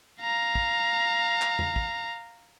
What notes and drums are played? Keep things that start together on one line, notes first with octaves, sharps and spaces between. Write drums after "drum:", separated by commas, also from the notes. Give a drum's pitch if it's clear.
F5 A#5
drum: kick
drum: clap
drum: tom E2
drum: kick